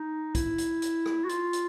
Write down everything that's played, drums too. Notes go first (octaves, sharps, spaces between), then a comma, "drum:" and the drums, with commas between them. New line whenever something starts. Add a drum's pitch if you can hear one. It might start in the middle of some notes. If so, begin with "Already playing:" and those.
Already playing: D#4
E4, drum: kick, hi-hat
drum: hi-hat
drum: hi-hat
drum: rim click
F#4
F4, drum: hi-hat
drum: hi-hat